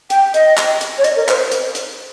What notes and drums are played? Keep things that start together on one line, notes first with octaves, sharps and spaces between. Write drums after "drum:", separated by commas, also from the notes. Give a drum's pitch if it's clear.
G5, drum: hi-hat
D#5, drum: hi-hat
drum: clap
drum: hi-hat
C#5
D#5, drum: hi-hat
A#4
C5, drum: clap
drum: hi-hat
drum: hi-hat